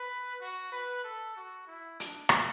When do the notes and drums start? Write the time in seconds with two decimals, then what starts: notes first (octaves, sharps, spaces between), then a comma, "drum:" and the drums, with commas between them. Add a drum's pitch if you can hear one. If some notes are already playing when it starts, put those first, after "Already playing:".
Already playing: B4
0.41 F#4
0.72 B4
1.04 A4
1.37 F#4
1.67 E4
2.00 D4, drum: hi-hat
2.29 drum: rim click